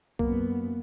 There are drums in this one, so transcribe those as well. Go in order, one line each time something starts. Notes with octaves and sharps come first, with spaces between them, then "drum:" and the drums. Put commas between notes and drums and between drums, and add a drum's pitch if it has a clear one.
F#2 A#3 B3, drum: kick B1